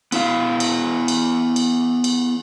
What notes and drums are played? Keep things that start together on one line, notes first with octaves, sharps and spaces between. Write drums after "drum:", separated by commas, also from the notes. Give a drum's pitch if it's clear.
B3 E4 F5, drum: cymbal
drum: cymbal
drum: cymbal
drum: cymbal
drum: cymbal